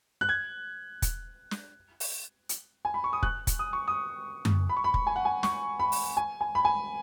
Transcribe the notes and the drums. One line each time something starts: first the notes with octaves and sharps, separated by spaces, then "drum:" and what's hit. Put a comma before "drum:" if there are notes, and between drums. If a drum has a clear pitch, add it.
F#6
G#6
drum: kick, hi-hat
drum: snare
drum: open hi-hat
drum: hi-hat
G#5
B5
C#6
D#6
F#6, drum: kick
drum: kick, hi-hat
D#6
C#6
D#6
drum: tom F#2
B5
C#6
B5
drum: kick
G#5
F#5
G#5
C#6, drum: snare
B5
drum: open hi-hat
G#5
G#5
B5
G#5